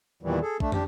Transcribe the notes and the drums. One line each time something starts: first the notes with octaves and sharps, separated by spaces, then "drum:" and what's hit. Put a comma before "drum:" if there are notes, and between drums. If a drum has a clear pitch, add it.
E2 A#2 D#3 E3 G3
G#4 A4
A3 D4, drum: kick
D4 G4, drum: tom